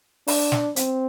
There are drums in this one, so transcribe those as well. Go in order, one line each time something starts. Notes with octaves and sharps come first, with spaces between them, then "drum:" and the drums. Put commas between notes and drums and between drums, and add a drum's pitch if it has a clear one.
D4, drum: open hi-hat
drum: snare
C4, drum: hi-hat